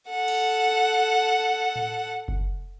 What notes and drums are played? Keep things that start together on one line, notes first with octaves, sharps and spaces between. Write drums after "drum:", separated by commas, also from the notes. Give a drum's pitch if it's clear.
A4 F#5
drum: cymbal
drum: tom A2
drum: kick F#1